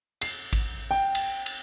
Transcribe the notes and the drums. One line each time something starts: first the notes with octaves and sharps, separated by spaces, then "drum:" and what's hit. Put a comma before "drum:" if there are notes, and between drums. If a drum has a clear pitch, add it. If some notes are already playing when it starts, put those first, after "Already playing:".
C7, drum: cymbal
drum: kick A1, cymbal
G5
drum: cymbal
drum: cymbal